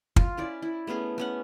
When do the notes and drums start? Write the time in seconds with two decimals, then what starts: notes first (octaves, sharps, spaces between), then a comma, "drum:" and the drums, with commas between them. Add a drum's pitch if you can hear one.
0.16 F4, drum: kick
0.37 C#4 E4 D5
0.62 E4
0.87 A3 B3 C#4 G#4
1.18 B3 C#4 F#5